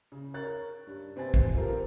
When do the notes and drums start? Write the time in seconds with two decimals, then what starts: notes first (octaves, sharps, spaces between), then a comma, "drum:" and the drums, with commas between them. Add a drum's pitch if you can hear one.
0.12 C#3
0.34 A#4 C#5 F#6 A6
0.87 G2
1.16 C3 C4 B4 G#5 A6
1.34 drum: kick
1.55 C4 F4 G4 A4 A#4